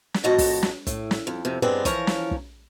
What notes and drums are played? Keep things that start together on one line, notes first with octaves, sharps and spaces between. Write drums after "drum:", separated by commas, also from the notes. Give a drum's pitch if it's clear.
drum: snare
F2 A2 F#4 D#5 A5 A#5
drum: kick, open hi-hat
drum: snare
A2, drum: kick, hi-hat
drum: snare
F2
F2 C3
G2 G#3 B3 C4 D4
E3 F3 A#4 C#5 A#5, drum: kick, hi-hat
drum: snare
drum: kick